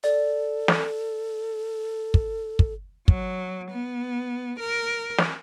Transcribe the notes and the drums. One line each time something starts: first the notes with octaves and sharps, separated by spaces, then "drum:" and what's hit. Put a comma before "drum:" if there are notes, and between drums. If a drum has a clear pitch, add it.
A4 D5
drum: snare
drum: kick
drum: kick
F#3, drum: kick
B3
A#4
drum: snare